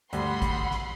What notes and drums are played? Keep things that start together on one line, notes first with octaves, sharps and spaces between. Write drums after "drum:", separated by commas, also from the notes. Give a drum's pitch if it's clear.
D2 G2 F#5 B5 C6, drum: hi-hat
drum: kick, hi-hat
drum: snare